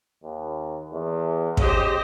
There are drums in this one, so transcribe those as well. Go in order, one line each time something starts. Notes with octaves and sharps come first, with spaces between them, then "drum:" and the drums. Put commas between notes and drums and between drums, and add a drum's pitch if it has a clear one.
D#2
E2
C#3 G4 C5 D#5, drum: kick